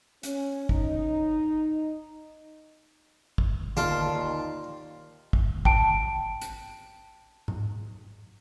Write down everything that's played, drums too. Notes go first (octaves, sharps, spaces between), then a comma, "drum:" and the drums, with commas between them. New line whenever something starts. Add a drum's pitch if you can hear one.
C#4, drum: hi-hat
D#4, drum: kick
drum: kick
D#2 F4 D5 A5 C6, drum: tom D3
drum: kick
G5 A5 D7, drum: kick
drum: hi-hat
drum: tom G#2